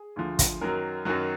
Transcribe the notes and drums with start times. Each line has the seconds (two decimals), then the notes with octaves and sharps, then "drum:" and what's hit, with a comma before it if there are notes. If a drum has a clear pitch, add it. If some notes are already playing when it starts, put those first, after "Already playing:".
Already playing: G#4
0.16 D2 D3 F3
0.39 drum: kick, hi-hat
0.61 F#2 D#3 F#3 A#4
1.05 F#2 D#3 F#3 F#4